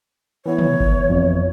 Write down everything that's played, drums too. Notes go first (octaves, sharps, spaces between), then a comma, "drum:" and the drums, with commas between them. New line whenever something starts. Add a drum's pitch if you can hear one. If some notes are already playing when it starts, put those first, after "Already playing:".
E3 B3 E4 C#5
drum: tom
drum: kick G1
F2